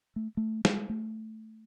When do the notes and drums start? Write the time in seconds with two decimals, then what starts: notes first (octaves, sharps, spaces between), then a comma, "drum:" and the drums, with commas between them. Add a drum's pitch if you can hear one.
0.16 A3
0.37 A3
0.65 G#3, drum: snare
0.89 A3